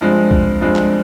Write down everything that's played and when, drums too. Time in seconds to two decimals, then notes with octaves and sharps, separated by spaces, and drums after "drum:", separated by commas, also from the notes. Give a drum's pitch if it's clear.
0.01 G2 F3 G#3 C4
0.31 drum: kick
0.61 G2 F3 G#3 C4
0.76 drum: clap